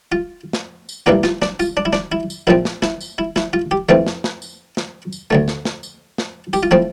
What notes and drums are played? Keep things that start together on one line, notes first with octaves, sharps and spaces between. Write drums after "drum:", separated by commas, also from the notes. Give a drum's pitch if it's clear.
F4
drum: snare
drum: tambourine
A1 G2 E3 A#3 D4 F4
F4, drum: snare
D4, drum: snare
F4, drum: tambourine
D4
E4
D4, drum: snare
E4
drum: tambourine
A#1 A#2 F3 C4 E4
drum: snare
E4, drum: snare
drum: tambourine
E4
E4, drum: snare
F4
G4
F2 E3 A3 C4 F4
drum: snare
drum: snare
drum: tambourine
drum: snare
drum: tambourine
D2 D3 A3
drum: snare
drum: snare
drum: tambourine
drum: snare
G4, drum: tambourine
F4
F3 A3 C4 E4